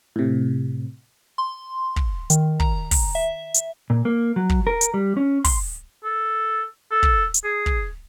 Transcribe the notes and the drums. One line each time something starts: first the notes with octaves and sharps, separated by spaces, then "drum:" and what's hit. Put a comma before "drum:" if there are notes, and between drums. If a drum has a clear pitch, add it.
A2 C3
C6
drum: kick
D#3, drum: hi-hat
A#5, drum: kick
drum: kick, open hi-hat
E5
drum: hi-hat
A#2
A#3
F#3
drum: kick
A#4
drum: hi-hat
G3
C#4
C6, drum: kick, open hi-hat
A4
A4
drum: kick
drum: hi-hat
G#4
drum: kick